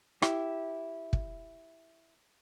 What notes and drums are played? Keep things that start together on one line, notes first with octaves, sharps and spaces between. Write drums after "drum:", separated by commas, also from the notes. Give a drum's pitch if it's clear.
E4 G4, drum: rim click
drum: kick